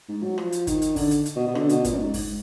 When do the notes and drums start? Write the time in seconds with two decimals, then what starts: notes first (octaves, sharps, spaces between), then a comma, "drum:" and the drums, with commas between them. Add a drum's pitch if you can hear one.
0.09 G#2
0.23 F#3
0.38 F3, drum: rim click
0.52 drum: hi-hat
0.67 D#3, drum: kick G1, hi-hat
0.82 drum: hi-hat
0.96 D3, drum: kick G1, open hi-hat
1.11 drum: hi-hat
1.26 drum: hi-hat
1.36 B2
1.48 B2
1.55 D3, drum: rim click
1.69 B2, drum: hi-hat
1.84 A#2, drum: kick G1, hi-hat
1.93 F#2
1.99 G#2
2.14 G#2, drum: kick G1, open hi-hat